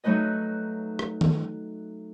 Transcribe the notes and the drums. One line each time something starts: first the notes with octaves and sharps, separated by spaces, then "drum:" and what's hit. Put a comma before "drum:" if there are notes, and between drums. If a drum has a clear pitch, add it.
F#3 A3 D#4 B4 D#5
drum: rim click
drum: tom D#3